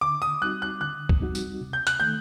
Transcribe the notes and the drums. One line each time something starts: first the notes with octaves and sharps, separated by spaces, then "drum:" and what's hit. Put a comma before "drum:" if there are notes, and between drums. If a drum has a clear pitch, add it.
D3 D6
D#6
G3 C4 D#4 F#4 F#6
F#6
D3 F#6
drum: kick
G3 C4 D#4 F#4
drum: tambourine
C3
G6
F#6, drum: hi-hat
D#3 A3 G6